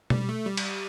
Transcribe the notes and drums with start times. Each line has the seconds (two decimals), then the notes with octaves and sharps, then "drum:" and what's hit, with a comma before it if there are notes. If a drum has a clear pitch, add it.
0.10 G3, drum: tom B2
0.29 A3
0.47 G3
0.57 drum: cymbal